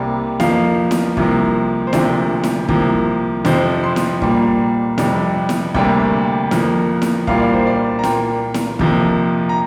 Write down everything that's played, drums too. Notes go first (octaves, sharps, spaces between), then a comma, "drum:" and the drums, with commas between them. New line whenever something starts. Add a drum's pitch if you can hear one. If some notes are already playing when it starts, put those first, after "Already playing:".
Already playing: C2 C3 G3 A#3
F2 F3 A#3 F5, drum: snare E4
drum: snare E4
C2 C3 F3 A#3, drum: kick
C5
D2 C3 F3 A#3 D5, drum: snare E4
drum: snare E4
C2 C3 F3 A#3, drum: kick
F2 C3 F3 C5, drum: snare E4
C6
drum: snare E4
A#2 G3 A#3, drum: kick
F2 C3 G3, drum: snare E4
drum: snare E4
D2 C3 G3 A#3 G5, drum: kick
F2 F3 A#3, drum: snare E4
drum: snare E4
C2 A#2 G3 A#3 F5, drum: kick
D5
C5
D5
A#5
A#2 A#3 G5, drum: snare E4
drum: snare E4
F2 C3 F3 A#3, drum: kick
A#5